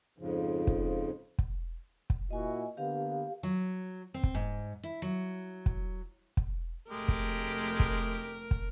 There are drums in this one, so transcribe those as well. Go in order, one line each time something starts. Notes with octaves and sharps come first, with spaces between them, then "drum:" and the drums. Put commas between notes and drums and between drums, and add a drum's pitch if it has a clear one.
F2 G#2 C#3 F3
drum: kick
drum: kick
drum: kick
A#2 E4 F#4 D#5 G#5
D3 A#3 B3 G4 F5
F#3
C4
drum: kick
G#2
E4
F#3
drum: kick
drum: kick
F1 G#3 A3 G4 A#4
drum: kick
drum: kick
drum: kick